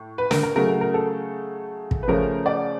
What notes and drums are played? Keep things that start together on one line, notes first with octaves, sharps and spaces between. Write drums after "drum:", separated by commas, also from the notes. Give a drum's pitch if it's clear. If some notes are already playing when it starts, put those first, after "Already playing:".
Already playing: A2
B4
A#4, drum: snare
A#4
C#3 F#3 A3 A#4
A#4
A4
drum: kick
B4
C#3 F3 A3 C#4 A#4
D5